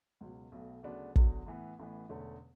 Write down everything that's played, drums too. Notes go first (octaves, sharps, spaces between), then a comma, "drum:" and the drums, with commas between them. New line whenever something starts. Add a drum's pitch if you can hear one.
C#2 B2 F#3
B1 B2 F#3 A3
D2 C#3 F#3 B3 D4
E2 D3 F#3, drum: kick
A2 E3 B3
A1 A2 E3 B3
E1 E2 D3 A3 C#4